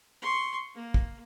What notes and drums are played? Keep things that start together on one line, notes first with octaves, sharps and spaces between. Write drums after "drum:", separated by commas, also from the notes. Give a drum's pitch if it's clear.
C6 C#6
A#3
drum: kick